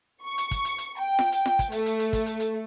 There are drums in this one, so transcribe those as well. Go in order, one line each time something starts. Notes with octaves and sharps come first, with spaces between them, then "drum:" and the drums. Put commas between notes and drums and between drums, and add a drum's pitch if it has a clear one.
C#6
drum: hi-hat
drum: kick, hi-hat
drum: hi-hat
drum: hi-hat
G5
drum: snare F4
drum: hi-hat
drum: snare F4
drum: kick, hi-hat
A3, drum: hi-hat
drum: hi-hat
drum: hi-hat
drum: kick, hi-hat
drum: hi-hat
drum: hi-hat